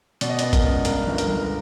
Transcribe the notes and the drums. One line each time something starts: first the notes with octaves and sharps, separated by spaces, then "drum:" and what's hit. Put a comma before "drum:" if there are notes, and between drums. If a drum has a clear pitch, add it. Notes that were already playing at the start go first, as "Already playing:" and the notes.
B2 D5, drum: hi-hat
D#5
B3 D5, drum: hi-hat
A#4, drum: kick G#1, hi-hat
C#2
G2 A#4, drum: hi-hat
G1
A#4, drum: hi-hat
G1